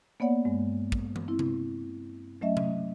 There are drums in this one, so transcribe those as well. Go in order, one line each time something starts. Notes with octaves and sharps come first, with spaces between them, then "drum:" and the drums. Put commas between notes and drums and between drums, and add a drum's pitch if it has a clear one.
A#3 B3 C#5 D5 F#5
G2 G#3
drum: kick
drum: tom E3
C4 E4
drum: tom C3
F#3 A3 C#4 D#5 E5
drum: tom C3